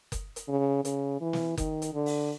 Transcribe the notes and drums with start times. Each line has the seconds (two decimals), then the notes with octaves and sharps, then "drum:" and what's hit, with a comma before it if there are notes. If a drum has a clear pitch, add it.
0.12 drum: kick F#1, hi-hat
0.36 drum: hi-hat
0.48 C#3
0.85 C#3, drum: hi-hat
1.21 E3
1.33 drum: snare
1.57 D#3, drum: kick F#1, hi-hat
1.82 drum: hi-hat
1.94 D3
2.06 drum: open hi-hat